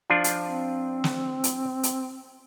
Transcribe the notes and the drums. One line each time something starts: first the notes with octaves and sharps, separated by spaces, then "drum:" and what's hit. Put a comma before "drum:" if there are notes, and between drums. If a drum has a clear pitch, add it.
F3 D4 F4
drum: hi-hat
C4
drum: snare
drum: hi-hat
drum: hi-hat